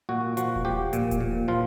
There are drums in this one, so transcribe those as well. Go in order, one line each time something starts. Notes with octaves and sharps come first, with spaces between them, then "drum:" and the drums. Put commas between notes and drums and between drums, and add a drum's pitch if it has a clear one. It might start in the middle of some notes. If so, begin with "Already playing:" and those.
A#2 F#4
F3 F#4, drum: hi-hat
drum: kick D#1
F3 G4
A#2, drum: hi-hat
drum: kick D#1, hi-hat
A#2
F3 F4